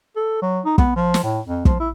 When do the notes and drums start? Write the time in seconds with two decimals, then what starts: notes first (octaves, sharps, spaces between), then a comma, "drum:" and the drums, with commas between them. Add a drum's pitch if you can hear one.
0.16 A4
0.42 F#3
0.65 D#4
0.78 B3, drum: kick
0.96 F3
1.14 drum: snare
1.24 A2
1.46 F2
1.65 F3, drum: kick
1.80 E4